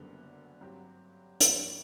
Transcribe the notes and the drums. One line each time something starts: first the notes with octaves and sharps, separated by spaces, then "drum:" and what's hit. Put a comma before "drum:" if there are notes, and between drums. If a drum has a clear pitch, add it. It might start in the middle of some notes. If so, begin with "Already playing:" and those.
Already playing: F#1 F#2 D3 G3 B3
G2 F#3 C4 G4
G1 F#2 E3, drum: hi-hat